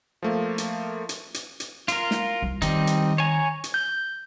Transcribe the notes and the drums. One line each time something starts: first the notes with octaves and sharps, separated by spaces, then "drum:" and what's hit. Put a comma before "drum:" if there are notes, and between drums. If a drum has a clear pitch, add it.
F3 A3 A#3
drum: hi-hat
drum: hi-hat
drum: hi-hat
drum: hi-hat
F4 A#4, drum: hi-hat
drum: snare
C2
D#3 G3 C4 D#4, drum: hi-hat
drum: hi-hat
C#5 G#5 A#5
drum: hi-hat
G6